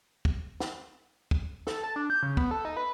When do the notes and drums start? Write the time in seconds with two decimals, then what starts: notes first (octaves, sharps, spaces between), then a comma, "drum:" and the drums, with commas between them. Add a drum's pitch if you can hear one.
0.25 drum: kick
0.60 drum: snare
1.31 drum: kick
1.67 A4, drum: snare
1.84 A5
1.96 D4
2.10 G6
2.23 C#3
2.37 B3, drum: kick
2.51 A4
2.65 D#4
2.77 B4